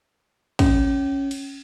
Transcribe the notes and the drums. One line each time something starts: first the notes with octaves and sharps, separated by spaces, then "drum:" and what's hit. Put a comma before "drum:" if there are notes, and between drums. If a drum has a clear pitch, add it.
C#4, drum: kick, cymbal
drum: cymbal